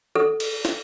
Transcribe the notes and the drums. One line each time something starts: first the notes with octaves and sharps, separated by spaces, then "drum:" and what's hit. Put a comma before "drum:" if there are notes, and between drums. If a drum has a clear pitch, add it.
A4
drum: cymbal
drum: snare